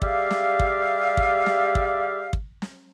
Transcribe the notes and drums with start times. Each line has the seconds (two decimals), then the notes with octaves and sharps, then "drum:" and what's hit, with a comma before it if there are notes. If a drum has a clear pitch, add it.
0.02 G3 G4 G#4 D5 E5 F5, drum: kick
0.31 drum: snare
0.59 drum: kick
1.17 drum: kick
1.46 drum: snare
1.75 drum: kick
2.33 drum: kick
2.62 drum: snare